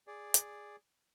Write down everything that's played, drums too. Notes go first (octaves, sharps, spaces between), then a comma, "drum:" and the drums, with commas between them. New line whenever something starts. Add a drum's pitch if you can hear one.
G#4 D5
drum: hi-hat